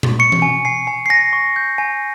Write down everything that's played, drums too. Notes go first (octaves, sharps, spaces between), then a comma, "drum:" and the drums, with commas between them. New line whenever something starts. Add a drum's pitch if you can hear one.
drum: tom A#2
C#6 C#7
drum: tom E3
G#5
G#5 C7
G#5
C7
G#5 A#6
C#6
G6
G#5